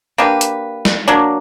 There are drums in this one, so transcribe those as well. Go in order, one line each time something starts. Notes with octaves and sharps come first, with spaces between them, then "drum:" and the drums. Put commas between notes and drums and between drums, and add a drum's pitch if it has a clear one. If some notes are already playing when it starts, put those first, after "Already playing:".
A#3 D4 G4 B4
drum: hi-hat
drum: snare
F#3 A#3 D4